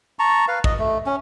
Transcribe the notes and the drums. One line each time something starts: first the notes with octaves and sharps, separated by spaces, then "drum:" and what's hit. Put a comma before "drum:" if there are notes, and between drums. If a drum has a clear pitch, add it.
A5 A#5 C#6
B4 F5
D#5, drum: kick
A3
C#4